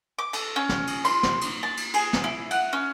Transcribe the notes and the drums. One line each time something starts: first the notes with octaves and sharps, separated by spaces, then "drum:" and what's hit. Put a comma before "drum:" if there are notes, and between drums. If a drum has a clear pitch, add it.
D6
A4, drum: cymbal
C#4
drum: snare
drum: cymbal
C6, drum: cymbal
drum: snare
drum: cymbal
A5
drum: cymbal
G#4, drum: cymbal
drum: snare
E4
F#5, drum: cymbal
C#4